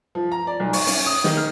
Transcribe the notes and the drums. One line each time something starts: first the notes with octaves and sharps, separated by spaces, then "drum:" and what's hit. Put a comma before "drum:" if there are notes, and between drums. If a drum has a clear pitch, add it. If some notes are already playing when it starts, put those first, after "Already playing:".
F3
A#5
D5
B1
C#6, drum: open hi-hat
C#4, drum: open hi-hat
D#6
D#3, drum: snare
F6